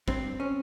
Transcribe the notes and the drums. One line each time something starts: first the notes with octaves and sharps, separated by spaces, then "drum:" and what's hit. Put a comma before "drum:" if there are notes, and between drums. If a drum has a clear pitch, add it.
G2 C4, drum: kick
G2
C#4